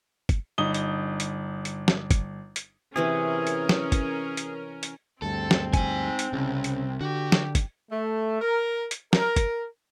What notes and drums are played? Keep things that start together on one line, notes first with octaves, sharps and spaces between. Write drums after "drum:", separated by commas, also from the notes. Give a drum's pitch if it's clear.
drum: kick, hi-hat
G1 D#4 D#6 G7
drum: hi-hat
drum: hi-hat
drum: hi-hat
drum: snare
drum: kick, hi-hat
drum: hi-hat
C3 E3 C4 C#4 G#4 A#4
drum: hi-hat
drum: snare
drum: kick, hi-hat
drum: hi-hat
drum: hi-hat
D2 G2 C4 A4
drum: snare
D#4 G#5, drum: kick, hi-hat
drum: hi-hat
C2 C#3
drum: hi-hat
D3 F#4 G4
drum: snare
drum: kick, hi-hat
A3
A#4
drum: hi-hat
A#4, drum: snare
drum: kick, hi-hat